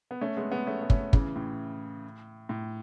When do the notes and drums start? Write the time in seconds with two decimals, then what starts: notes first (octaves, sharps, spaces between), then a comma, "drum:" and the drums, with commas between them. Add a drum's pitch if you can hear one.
0.11 B3
0.21 A3 C#4
0.37 G#3 B3
0.52 G#3 B3
0.67 A3 C#4
0.82 B3
0.90 A3 C#4, drum: kick
1.13 C#3 E3, drum: kick
1.36 A2
2.49 A2